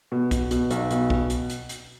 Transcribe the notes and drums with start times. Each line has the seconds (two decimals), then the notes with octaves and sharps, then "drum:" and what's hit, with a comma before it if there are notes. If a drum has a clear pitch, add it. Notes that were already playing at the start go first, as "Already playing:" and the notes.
0.12 B2
0.31 B2, drum: kick, hi-hat
0.51 B2, drum: hi-hat
0.71 B1, drum: hi-hat
0.91 B2, drum: hi-hat
1.10 B2, drum: kick
1.30 drum: hi-hat
1.50 drum: hi-hat
1.69 drum: hi-hat